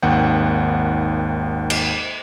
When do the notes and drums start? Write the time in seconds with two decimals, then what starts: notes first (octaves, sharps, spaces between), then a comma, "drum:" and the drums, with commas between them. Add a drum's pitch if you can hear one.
0.02 G#1 D#2 F#5 G5
1.70 drum: cymbal